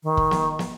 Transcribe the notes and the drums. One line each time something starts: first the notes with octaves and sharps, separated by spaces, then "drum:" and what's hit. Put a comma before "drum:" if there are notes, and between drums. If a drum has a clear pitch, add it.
D#3
drum: kick
drum: snare
drum: snare